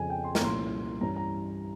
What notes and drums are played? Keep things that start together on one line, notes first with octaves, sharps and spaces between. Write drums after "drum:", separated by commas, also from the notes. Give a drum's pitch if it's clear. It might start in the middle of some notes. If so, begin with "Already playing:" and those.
Already playing: F2 C#3 F3 G#5
G5
C6
A#5, drum: snare
C2 A#2 F3 A#3 C#4 C6
G2 E3 G3 C#4 A#5
A#5